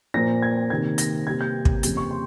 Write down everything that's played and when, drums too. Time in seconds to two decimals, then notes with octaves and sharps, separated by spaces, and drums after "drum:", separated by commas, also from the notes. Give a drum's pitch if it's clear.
0.14 A#2 F3 A#3 A#6
0.42 G#6
0.70 C3 D#3 A#3 G#6
0.98 A#6, drum: hi-hat
1.26 C3 G3 A#3 G#6
1.41 G6
1.65 drum: kick
1.83 F2 C#3 G3 A#3, drum: hi-hat
1.97 C#6
2.11 C6